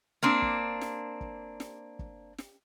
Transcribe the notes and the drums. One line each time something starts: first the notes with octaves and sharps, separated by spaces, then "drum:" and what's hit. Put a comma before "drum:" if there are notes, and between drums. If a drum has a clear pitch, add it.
A#3 C4 D4
drum: kick
drum: snare
drum: kick
drum: snare
drum: kick
drum: snare